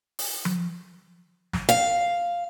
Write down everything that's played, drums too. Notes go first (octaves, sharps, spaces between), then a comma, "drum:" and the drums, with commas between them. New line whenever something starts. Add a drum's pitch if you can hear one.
drum: open hi-hat
drum: tom F3
drum: snare
F5, drum: hi-hat